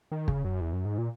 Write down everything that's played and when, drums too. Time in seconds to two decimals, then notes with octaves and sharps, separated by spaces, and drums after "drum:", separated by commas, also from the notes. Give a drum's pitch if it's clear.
0.12 D#3
0.28 C#3, drum: kick
0.44 F#2
0.61 E2
0.73 F#2
0.85 G#2
0.98 A#2